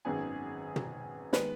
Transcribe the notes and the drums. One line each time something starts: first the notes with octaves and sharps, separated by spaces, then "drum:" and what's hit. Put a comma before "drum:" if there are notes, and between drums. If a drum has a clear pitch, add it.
G#1 F#2 D#3 B3 G#4
drum: tom
D#3 G#3 B3 B4, drum: snare